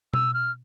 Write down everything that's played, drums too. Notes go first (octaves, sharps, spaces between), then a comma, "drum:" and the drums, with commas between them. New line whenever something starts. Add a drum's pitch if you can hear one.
E6, drum: tom B2
F6